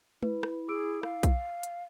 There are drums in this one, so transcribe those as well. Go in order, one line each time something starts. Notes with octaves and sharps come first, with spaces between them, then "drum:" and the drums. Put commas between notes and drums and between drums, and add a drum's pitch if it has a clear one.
E4 B4, drum: tom G#3
drum: rim click
G#4 D6 E6 D7
F5, drum: rim click
drum: kick B1, hi-hat
drum: hi-hat